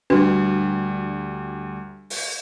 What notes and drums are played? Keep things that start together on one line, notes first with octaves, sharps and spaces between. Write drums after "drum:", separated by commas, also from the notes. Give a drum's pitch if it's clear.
D2 G3 D4 F#4 B4
drum: open hi-hat